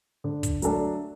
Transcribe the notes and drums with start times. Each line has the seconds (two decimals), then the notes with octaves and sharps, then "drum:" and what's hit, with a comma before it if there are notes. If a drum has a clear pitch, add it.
0.24 D3
0.43 drum: kick, hi-hat
0.62 F#3 A3 D4 A4, drum: hi-hat